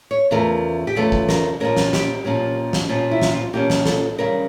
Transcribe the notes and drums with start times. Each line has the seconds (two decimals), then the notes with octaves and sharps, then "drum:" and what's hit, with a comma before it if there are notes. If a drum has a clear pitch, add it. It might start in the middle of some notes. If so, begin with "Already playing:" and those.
0.11 C#5
0.31 E2 C#3 F3 A3 A#4
0.87 G4
0.96 E2 C#3 F3 A3 A4
1.12 drum: kick
1.29 A#4, drum: snare
1.60 A#2 F3 A#3 C#4 A#4
1.77 drum: snare
1.93 G4, drum: snare
2.25 A#2 F3 A#3 C#4
2.73 drum: snare
2.89 A#2 F3 A#3 C#4 F4
3.11 E4
3.22 drum: snare
3.32 F4
3.53 A#2 F3 A#3 C#4 G4
3.70 drum: snare
3.85 A4, drum: snare
4.18 C#3 G3 C#4 A#4